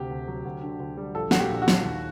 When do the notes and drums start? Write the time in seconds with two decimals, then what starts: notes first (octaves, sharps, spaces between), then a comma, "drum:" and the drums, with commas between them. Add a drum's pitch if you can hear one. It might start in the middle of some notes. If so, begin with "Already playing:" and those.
Already playing: D2 C3 G4
0.10 D2
0.28 F#3
0.45 D2
0.63 D3
0.80 D2
0.97 G3
1.15 A#1 A4
1.31 A#2 F#4, drum: snare
1.39 G4
1.50 A#1
1.62 F#4
1.68 F#3, drum: snare
1.85 D#2